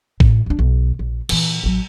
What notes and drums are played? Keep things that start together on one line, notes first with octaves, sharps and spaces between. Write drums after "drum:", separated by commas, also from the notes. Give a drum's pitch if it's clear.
A2, drum: kick A1
D#2 D4
B1
A#1
A#2 E3, drum: cymbal
A1 F#3